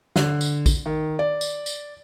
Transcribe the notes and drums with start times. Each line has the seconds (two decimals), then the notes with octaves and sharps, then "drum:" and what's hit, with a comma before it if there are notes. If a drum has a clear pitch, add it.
0.16 D3, drum: snare
0.41 drum: tambourine
0.66 drum: kick, tambourine
0.86 D#3
1.19 D5
1.41 drum: tambourine
1.66 drum: tambourine